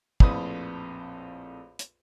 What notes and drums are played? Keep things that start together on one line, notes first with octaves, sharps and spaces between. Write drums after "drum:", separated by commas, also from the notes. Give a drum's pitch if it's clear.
A#1 F2 A2 B4 D#6, drum: kick
drum: hi-hat